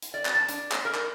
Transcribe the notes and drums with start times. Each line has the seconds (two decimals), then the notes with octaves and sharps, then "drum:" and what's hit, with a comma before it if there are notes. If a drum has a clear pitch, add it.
0.02 drum: hi-hat
0.14 D5
0.26 drum: clap
0.35 A5
0.49 D4, drum: hi-hat
0.72 drum: clap
0.85 A#4
0.95 drum: clap